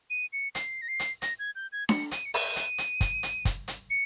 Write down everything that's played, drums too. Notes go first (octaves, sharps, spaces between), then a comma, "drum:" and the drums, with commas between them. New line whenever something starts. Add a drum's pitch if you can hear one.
D#7
C#7
C7, drum: hi-hat
A#6
C7
drum: hi-hat
A#6, drum: hi-hat
G#6
G6
G#6
C#7, drum: snare D4
D#7, drum: hi-hat
C#7
D#7, drum: open hi-hat
drum: hi-hat
drum: hi-hat
drum: kick, hi-hat
drum: hi-hat
drum: kick, hi-hat
drum: hi-hat
C#7